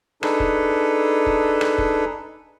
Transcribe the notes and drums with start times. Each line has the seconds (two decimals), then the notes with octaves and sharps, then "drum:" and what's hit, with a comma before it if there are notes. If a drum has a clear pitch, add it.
0.23 D4 D#4 G#4 A4 B4, drum: rim click
0.40 drum: kick
1.26 drum: kick
1.61 drum: rim click
1.78 drum: kick